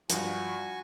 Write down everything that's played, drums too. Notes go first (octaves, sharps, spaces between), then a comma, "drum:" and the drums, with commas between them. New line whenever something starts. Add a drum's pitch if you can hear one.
G2 F3 F#4 G#5 C#6, drum: hi-hat